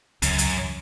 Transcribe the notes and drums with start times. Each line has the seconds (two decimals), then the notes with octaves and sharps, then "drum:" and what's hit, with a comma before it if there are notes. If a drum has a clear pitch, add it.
0.22 C#2 F#2, drum: hi-hat
0.38 drum: hi-hat